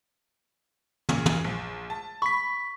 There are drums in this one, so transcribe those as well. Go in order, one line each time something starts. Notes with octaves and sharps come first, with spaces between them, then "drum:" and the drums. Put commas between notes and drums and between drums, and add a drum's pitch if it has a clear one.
A#2 C#3, drum: tom
drum: tom
A#1
A5
B5 C#6 B6